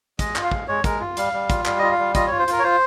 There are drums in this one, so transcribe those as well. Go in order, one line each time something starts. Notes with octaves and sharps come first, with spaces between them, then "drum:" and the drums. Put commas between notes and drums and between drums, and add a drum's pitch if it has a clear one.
G#3 D#5, drum: kick, hi-hat
F4, drum: clap
F5
G#3, drum: kick
G#3 C#5
G#3 A#4, drum: kick, hi-hat
F4
G3 F5, drum: hi-hat
G3
F4, drum: kick, hi-hat
G3 F5, drum: clap
F4 D#5
F5
G3
F4 D#5, drum: kick, hi-hat
F4 C#5
C5
F4 A#4, drum: hi-hat
C#5
F4 C5